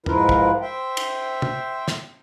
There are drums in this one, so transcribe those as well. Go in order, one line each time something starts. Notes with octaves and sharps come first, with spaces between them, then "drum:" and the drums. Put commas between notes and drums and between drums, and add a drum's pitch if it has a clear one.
G#2 F3 E4 F4 A#4 B4, drum: tom
drum: kick
C5 E5 G5
drum: cymbal
drum: tom
drum: snare